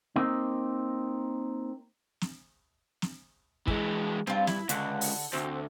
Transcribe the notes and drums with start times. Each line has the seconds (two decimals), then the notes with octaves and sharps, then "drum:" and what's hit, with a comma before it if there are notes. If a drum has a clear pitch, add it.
0.16 A#3 C4 D#4
2.21 drum: snare
3.02 drum: snare
3.68 E3 G#3, drum: kick
4.27 G2 C4 F4
4.47 E4, drum: snare
4.69 C#2 D3 F#5, drum: hi-hat
5.01 drum: open hi-hat
5.33 D2 C4